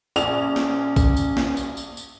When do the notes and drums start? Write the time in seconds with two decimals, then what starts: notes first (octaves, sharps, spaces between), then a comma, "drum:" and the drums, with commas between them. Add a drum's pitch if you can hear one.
0.16 A#1 C#4 F7, drum: tambourine
0.56 drum: snare
0.96 drum: kick A1, tambourine
1.17 drum: tambourine
1.37 drum: snare
1.57 drum: tambourine
1.77 drum: tambourine
1.97 drum: tambourine